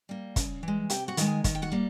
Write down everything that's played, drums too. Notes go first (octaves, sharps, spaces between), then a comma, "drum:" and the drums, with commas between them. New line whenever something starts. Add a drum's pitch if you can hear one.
G3 A#3
C#3, drum: kick, hi-hat
E3 G#3
C3 G4 G5, drum: hi-hat
F#4 F#5
D#3 G#3, drum: hi-hat
G#4 G#5
D#3, drum: kick, hi-hat
G5
F#4 F#5
G3 A#3